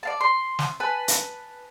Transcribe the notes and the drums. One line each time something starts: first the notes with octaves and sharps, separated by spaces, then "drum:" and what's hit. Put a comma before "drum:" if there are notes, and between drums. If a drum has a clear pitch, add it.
D5 F5 A5
C6
drum: snare
B4 G#5 A5
drum: hi-hat